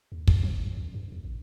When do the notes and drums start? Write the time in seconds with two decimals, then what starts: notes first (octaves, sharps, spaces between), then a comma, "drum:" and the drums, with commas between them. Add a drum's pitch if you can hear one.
0.12 D#2
0.28 G#1, drum: kick
0.43 F3
0.55 C#2
0.76 F#2
0.94 G2
1.12 D#2
1.25 A1